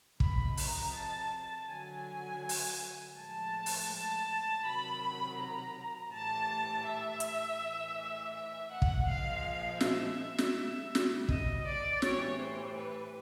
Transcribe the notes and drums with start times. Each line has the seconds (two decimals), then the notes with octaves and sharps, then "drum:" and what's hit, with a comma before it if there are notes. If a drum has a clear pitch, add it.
0.20 C3 F3 G#3 B5, drum: kick
0.57 A#5, drum: open hi-hat
0.94 A5
1.68 D3 F#3 G#5
2.49 drum: open hi-hat
3.16 A2 F3 G#3 A5
3.66 drum: open hi-hat
3.90 A5
4.63 C3 D#3 F#3 B5
5.38 A#5
6.12 A2 E3 G3 A5
6.86 E5
7.20 drum: hi-hat
7.59 A2 E3 G#3
8.33 E5
8.71 F#5
8.82 drum: kick
9.07 A#2 F3 G#3 F5
9.81 E5, drum: snare
10.38 drum: snare
10.55 B2 G3
10.95 drum: snare
11.29 D#5, drum: kick
11.66 D5
12.02 A2 E3 G3 C#5, drum: snare
12.39 C5
12.76 B4